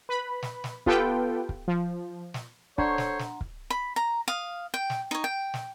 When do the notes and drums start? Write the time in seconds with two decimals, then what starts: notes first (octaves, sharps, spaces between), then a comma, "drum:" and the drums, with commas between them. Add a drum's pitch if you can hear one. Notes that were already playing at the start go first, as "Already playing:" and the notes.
0.09 B4 B5
0.42 drum: snare
0.64 drum: snare
0.86 B3 F4 G4 A4 B4 G5, drum: kick
1.49 drum: kick
1.68 F3
2.34 drum: snare
2.78 D4 A4 C5 C#5 F#5 A#5 C6, drum: kick
2.98 drum: snare
3.19 drum: snare
3.41 drum: kick
3.70 B5
3.96 A#5
4.28 F5 D#6
4.74 G5
4.90 drum: snare
5.11 D#4 C#5
5.24 G5
5.54 drum: snare